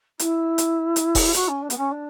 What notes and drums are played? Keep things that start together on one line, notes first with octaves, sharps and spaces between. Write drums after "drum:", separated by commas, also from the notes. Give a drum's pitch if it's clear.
E4, drum: hi-hat
drum: hi-hat
drum: hi-hat
drum: kick E1, open hi-hat
F#4, drum: hi-hat
C#4
D4
B3, drum: hi-hat
C#4
D4